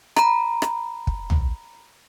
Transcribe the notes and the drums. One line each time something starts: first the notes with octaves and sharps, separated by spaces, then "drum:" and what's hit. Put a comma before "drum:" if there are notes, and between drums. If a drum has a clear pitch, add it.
A#5 B5, drum: rim click
drum: rim click
drum: kick
drum: tom